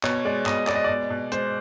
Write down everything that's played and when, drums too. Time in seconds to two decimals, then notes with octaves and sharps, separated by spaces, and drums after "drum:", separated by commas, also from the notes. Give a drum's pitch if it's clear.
0.03 B2 C#5, drum: clap
0.25 G#3 D5
0.46 B2 D#5, drum: clap
0.67 G#3 D5, drum: clap
0.75 D#5
0.84 B2 D5
1.10 B2
1.32 G#3 C5, drum: hi-hat